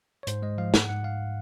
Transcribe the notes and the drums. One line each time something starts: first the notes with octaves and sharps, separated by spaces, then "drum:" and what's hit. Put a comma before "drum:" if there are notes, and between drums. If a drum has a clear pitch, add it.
C#5
G#2 C5, drum: hi-hat
G#3 D#5
F3 F5
G#2 F#5, drum: snare
G#2 F#5
G#2 F5